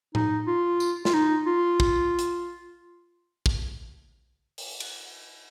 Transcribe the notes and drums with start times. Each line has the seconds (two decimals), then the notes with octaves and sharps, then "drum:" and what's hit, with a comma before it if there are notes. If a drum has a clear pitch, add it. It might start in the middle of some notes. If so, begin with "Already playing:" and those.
0.15 D#4, drum: tom A2
0.47 F4
0.80 drum: tambourine
1.05 F4, drum: snare
1.14 D#4
1.47 F4
1.80 drum: kick
2.19 drum: hi-hat
3.46 drum: kick
4.58 drum: open hi-hat
4.80 drum: cymbal